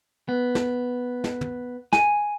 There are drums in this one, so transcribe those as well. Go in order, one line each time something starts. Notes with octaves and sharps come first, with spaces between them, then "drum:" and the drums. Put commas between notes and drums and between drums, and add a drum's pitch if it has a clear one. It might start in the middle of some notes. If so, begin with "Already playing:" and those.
B3
drum: snare
drum: snare
drum: tom
G#5, drum: snare